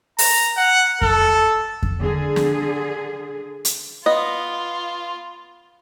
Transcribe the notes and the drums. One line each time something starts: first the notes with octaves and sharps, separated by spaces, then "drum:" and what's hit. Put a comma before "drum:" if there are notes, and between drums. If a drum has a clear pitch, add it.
A#5, drum: open hi-hat
F#5
A4, drum: kick F2
drum: kick F2
D3 G#4
drum: snare
drum: hi-hat
B3 F4 D#5